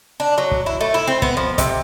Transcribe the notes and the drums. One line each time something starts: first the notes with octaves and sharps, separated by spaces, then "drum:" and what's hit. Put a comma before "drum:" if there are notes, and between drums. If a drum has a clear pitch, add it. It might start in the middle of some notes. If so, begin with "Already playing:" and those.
D4
F#3
drum: kick
E4
A3
E4
C4
B3, drum: kick
F3
C3, drum: kick, hi-hat